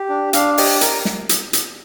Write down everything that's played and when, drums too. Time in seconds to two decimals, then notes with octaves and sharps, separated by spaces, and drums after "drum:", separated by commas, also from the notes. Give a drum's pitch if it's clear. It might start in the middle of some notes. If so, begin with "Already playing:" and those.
Already playing: G4
0.09 D4
0.33 D4 F5, drum: hi-hat
0.58 G4 D#5, drum: open hi-hat
0.81 A#4, drum: hi-hat
1.05 drum: snare
1.29 drum: hi-hat
1.53 drum: hi-hat